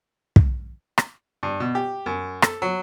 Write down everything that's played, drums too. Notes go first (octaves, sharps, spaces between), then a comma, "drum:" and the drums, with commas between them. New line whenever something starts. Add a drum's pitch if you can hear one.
drum: kick
drum: rim click
G2
B2
G4
F#2
A4, drum: rim click
F#3